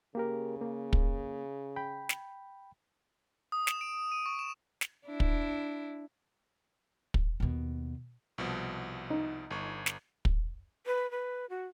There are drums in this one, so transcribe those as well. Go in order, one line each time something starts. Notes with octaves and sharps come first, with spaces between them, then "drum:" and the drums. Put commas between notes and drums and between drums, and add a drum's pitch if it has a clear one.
C#3 A#3 G4 A#4
A#3
drum: kick
G5 B5
drum: snare
D#6
E7, drum: snare
D7
D#7
C#6
E7
drum: snare
D4 E4
drum: kick
drum: kick
D#2 B2
C2 B2 F3
D#4
G1 C#6
drum: snare
drum: kick
B4
B4
F#4